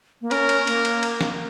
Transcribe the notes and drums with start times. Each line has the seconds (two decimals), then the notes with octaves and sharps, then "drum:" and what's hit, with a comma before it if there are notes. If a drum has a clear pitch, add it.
0.21 A#3
0.31 C#4 A#4, drum: cymbal
0.49 drum: cymbal
0.67 A#3, drum: cymbal
0.85 drum: cymbal
1.03 drum: cymbal
1.21 drum: snare